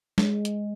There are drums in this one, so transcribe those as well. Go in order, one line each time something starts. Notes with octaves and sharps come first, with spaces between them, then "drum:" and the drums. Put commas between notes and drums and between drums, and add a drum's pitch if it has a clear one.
G#3, drum: snare
drum: hi-hat